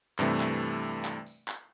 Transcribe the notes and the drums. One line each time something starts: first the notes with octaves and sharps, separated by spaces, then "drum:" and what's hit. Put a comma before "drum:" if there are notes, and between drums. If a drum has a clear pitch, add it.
G2 C3 E3 A3, drum: clap
drum: clap
drum: tambourine
drum: tambourine
drum: clap
drum: tambourine
drum: clap